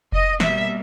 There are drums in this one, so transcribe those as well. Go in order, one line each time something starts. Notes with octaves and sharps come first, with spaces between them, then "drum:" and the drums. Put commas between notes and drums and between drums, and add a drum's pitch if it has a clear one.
D#5, drum: kick F1
B2 G3 A#3 E5, drum: snare